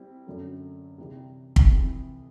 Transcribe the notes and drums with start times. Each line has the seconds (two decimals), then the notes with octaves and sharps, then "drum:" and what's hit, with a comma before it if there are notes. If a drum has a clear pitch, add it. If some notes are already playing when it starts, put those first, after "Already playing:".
Already playing: G3 C4 E4
0.27 F#2 D3 F#3 A3
0.98 C3 E3 G3
1.56 drum: kick
1.71 F2 C3 E3